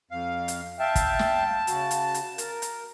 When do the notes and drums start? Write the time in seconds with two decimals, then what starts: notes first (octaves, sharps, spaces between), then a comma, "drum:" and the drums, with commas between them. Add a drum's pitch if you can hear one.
0.11 F2 F5
0.48 drum: hi-hat
0.79 E5 F5 G5 A5
0.96 drum: kick, hi-hat
1.19 drum: snare
1.67 C#3 F#4, drum: hi-hat
1.91 drum: hi-hat
2.14 drum: hi-hat
2.38 A#4, drum: hi-hat
2.62 drum: hi-hat